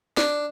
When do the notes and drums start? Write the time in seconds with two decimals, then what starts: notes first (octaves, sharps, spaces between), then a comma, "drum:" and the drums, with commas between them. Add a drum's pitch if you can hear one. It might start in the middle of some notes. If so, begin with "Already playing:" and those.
0.17 D4, drum: snare